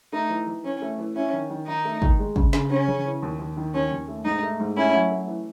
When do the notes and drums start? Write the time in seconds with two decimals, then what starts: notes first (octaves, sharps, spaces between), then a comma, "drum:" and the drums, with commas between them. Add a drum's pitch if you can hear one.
0.12 A3 D#4
0.30 E3
0.47 E3
0.64 E3 C#4
0.82 A3
0.99 E3
1.15 C#4 E4
1.33 D#3
1.50 D#3
1.67 D#3 D#4
1.85 A3
2.02 D#3, drum: kick
2.19 G#3
2.36 C#3, drum: kick
2.53 C#3, drum: snare
2.70 C#3 C#4
2.88 C#3, drum: tom D#3
3.05 E3
3.22 D#2
3.39 D#2
3.57 D#3
3.74 D#2 C#4
3.91 D#2
4.08 A3
4.25 G#2 D#4
4.43 A3
4.60 G#2
4.77 A3 C#4 E4
4.94 F#3
5.11 A3
5.28 E3